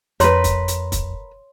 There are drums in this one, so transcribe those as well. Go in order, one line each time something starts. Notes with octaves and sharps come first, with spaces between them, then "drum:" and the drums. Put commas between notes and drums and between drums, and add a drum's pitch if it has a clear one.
F2 A#4 B4 C#5 C6, drum: hi-hat
drum: kick, hi-hat
drum: hi-hat
drum: kick, hi-hat